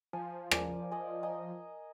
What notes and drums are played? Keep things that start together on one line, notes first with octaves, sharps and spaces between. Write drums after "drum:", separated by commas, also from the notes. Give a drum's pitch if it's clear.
F3 G#5
A#4 D5 G#5, drum: rim click
D5 D#5 G#5
D#5 G#5 A#5